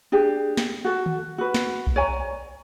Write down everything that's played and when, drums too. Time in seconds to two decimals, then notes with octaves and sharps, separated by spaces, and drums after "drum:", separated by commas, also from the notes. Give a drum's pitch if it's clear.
0.12 D4 G4 G#4
0.57 drum: snare
0.85 F#4 A4
1.06 drum: tom
1.38 F#4 B4
1.54 drum: snare
1.87 drum: kick B1
1.96 C#5 D5 G#5 A#5